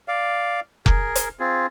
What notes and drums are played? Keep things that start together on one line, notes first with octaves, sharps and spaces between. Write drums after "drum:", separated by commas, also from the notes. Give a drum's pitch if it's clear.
D5 F5
G#4 A#4, drum: kick F1
drum: hi-hat
C4 F4 G#4